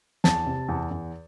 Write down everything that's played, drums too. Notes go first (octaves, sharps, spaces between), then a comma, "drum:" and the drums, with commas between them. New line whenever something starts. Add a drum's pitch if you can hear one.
E2 A5, drum: snare
C3
E2
E2